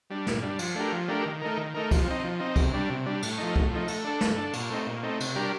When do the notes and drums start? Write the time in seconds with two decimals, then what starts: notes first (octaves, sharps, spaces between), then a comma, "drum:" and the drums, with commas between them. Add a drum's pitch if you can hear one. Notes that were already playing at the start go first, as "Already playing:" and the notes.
0.10 G3 D4
0.27 A#2, drum: snare
0.42 G3 D4
0.59 F3, drum: cymbal
0.75 A3 D4 G4 A#4
0.92 F3
1.08 A3 D4 G4 A#4
1.26 D#3
1.41 A3 D#4 A#4
1.57 D#3
1.74 A3 D#4 A#4
1.91 F3, drum: kick, cymbal
2.07 C4 D#4
2.24 F3
2.40 C4 D#4
2.56 C3, drum: kick, cymbal
2.73 G3 D4
2.90 C3
3.06 G3 D4
3.22 A2, drum: cymbal
3.38 F3 A3 D#4
3.56 A2, drum: kick
3.71 F3 A3 D#4
3.88 A3, drum: cymbal
4.05 D4 A4
4.21 A3, drum: snare
4.37 D4 A4
4.53 A#2, drum: cymbal
4.70 A3 C4 D#4
4.86 A#2
5.03 A3 C4 D#4
5.20 C3, drum: cymbal
5.36 G3 D4 G4 A#4